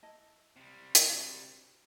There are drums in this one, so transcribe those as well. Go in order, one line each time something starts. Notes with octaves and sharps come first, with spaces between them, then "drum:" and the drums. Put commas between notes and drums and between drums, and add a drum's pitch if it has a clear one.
E4 D#5 A5
C3 G3
drum: hi-hat
D4 F#4 C5